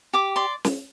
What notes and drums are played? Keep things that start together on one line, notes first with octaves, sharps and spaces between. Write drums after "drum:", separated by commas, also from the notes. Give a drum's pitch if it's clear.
G4 D6
D5 C6
drum: snare